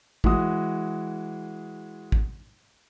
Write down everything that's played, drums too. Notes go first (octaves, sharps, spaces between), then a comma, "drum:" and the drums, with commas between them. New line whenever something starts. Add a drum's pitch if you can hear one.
E3 G#3 F#4 D#6, drum: kick
drum: kick